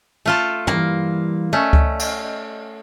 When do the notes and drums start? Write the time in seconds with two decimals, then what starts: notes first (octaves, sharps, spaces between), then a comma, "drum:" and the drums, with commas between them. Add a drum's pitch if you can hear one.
0.26 A3 F4 A4
0.67 E3 G3 A#3, drum: tom
1.53 A3 C#4 D5 D#5
1.73 drum: kick C#2
1.99 drum: cymbal